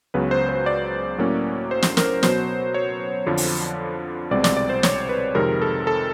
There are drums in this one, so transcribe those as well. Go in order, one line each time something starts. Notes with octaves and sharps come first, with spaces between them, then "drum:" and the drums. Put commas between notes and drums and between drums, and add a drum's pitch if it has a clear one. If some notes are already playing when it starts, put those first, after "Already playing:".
C#2 C#3 F#3 B3 B4
C5
C5
D5
A2 F#3 A#3 C#4
C5
drum: snare
A#4, drum: snare
B2 F#3 B3 C5, drum: snare
C#5
F2 D3 F3
drum: open hi-hat
C2 B2 G#3 C4 D5
D5, drum: snare
D5
C5
C#5, drum: snare
B4
F2 C3 D#3 G#3 A#4
A4
A4